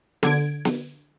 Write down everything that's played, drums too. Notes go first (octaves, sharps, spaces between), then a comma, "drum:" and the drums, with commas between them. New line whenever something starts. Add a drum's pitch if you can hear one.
D3 G#6 D7, drum: snare
drum: snare